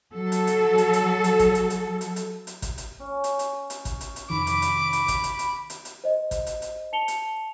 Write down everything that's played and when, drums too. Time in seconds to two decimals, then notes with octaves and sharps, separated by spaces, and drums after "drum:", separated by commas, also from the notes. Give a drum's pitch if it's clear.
0.13 F#3 A4
0.32 drum: hi-hat
0.47 drum: hi-hat
0.78 drum: hi-hat
0.93 drum: hi-hat
1.24 drum: hi-hat
1.39 drum: kick G#1, hi-hat
1.55 drum: hi-hat
1.70 drum: hi-hat
2.01 drum: hi-hat
2.16 drum: hi-hat
2.47 drum: hi-hat
2.62 drum: kick G#1, hi-hat
2.78 drum: hi-hat
3.00 C#4
3.24 drum: hi-hat
3.39 drum: hi-hat
3.70 drum: hi-hat
3.85 drum: kick G#1, hi-hat
4.01 drum: hi-hat
4.16 drum: hi-hat
4.30 F2 C3 D#3 B5 D6
4.47 drum: hi-hat
4.62 drum: hi-hat
4.93 drum: hi-hat
5.08 drum: kick G#1, hi-hat
5.24 drum: hi-hat
5.39 drum: hi-hat
5.70 drum: hi-hat
5.85 drum: hi-hat
6.04 C5 D#5
6.31 drum: kick G#1, hi-hat
6.46 drum: hi-hat
6.62 drum: hi-hat
6.93 A5 C#7 F7 G7
7.08 drum: hi-hat